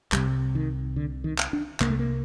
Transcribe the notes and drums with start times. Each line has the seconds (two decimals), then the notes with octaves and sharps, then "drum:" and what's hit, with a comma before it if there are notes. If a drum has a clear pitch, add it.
0.12 C2 C3 G3, drum: clap
0.55 D#3
0.96 D3
1.24 D#3
1.39 drum: clap
1.53 D4
1.80 C2 C3 A#3, drum: clap
1.90 A3
1.99 A#3